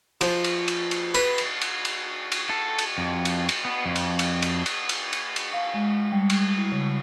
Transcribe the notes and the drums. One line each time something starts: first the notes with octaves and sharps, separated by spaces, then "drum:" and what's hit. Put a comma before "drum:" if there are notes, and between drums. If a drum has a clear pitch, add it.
F3, drum: cymbal
drum: cymbal
drum: cymbal
drum: cymbal
B4, drum: cymbal
drum: cymbal
drum: cymbal
drum: cymbal
drum: cymbal
A4
drum: cymbal
F2
drum: cymbal
drum: cymbal
B3
F2
drum: cymbal
drum: cymbal
drum: cymbal
drum: cymbal
drum: cymbal
drum: cymbal
drum: cymbal
F5
G#3
G3
drum: cymbal
E4
C#3